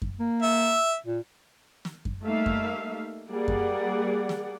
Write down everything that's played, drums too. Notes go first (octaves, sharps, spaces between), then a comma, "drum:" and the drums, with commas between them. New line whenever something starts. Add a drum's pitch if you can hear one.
drum: kick F#2
A#3
E5
A#2
drum: snare
drum: kick F#2
G3 A3 A#3 D#4 E5 F5
drum: kick F#2
G3 A#3 G4 G#4 D5 F#5
drum: kick F#2
drum: snare